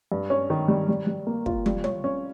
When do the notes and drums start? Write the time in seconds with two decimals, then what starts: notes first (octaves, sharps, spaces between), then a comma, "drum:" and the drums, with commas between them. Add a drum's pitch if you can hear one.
0.12 G2
0.30 C#4
0.50 D#3
0.68 G3
0.88 G3
1.07 G3
1.27 A#3
1.46 F4, drum: kick
1.66 G3, drum: tom
1.84 C#5, drum: tom
2.04 C#4